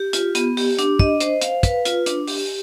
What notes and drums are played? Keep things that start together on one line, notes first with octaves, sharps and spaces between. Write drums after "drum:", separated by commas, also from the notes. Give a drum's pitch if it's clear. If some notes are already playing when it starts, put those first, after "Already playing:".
Already playing: G4
F4, drum: hi-hat
B3, drum: hi-hat
G4, drum: open hi-hat
D4, drum: hi-hat
D#5, drum: kick
C5, drum: hi-hat
F5, drum: hi-hat
B4, drum: kick, hi-hat
F4, drum: hi-hat
D4, drum: hi-hat
G4, drum: open hi-hat